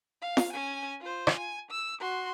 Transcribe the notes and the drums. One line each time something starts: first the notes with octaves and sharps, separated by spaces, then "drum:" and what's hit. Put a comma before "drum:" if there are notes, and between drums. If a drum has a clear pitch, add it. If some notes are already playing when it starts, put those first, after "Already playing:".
F5
drum: snare
C#4 G#5
F4 C5
drum: rim click
G#5
E6
F#4 C6